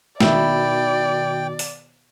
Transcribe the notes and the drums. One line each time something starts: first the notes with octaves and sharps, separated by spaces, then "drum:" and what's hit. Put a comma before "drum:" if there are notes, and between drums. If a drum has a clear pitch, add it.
B2 D#3 E4 D5 G5, drum: snare
drum: open hi-hat